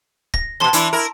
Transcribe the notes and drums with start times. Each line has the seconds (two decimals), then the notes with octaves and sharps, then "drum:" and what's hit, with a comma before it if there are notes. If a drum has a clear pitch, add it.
0.34 A#6, drum: kick
0.60 F2 B2 A5 C6 G7
0.73 E3 D4 E4, drum: hi-hat
0.93 E4 A#4